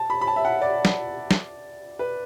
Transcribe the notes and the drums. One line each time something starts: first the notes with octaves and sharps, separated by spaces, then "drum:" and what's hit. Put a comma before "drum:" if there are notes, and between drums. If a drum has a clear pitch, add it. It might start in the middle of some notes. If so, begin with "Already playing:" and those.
Already playing: A5
B5
B5
A5
E5
F#5
D5
drum: snare
drum: snare
B4